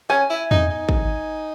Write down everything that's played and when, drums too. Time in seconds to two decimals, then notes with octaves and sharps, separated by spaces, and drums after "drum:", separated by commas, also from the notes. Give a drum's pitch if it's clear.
0.09 C#4 G#5
0.30 E4
0.51 D#4, drum: tom E2
0.71 D#4
0.89 drum: kick